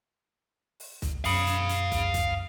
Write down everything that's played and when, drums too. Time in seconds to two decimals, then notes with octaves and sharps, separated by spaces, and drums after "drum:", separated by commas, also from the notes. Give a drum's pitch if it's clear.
0.80 drum: open hi-hat
1.02 drum: kick, hi-hat
1.24 F#2 F5 B5 D#6 C#7, drum: open hi-hat
1.47 drum: hi-hat
1.69 drum: hi-hat
1.92 drum: kick, hi-hat
2.14 drum: kick, hi-hat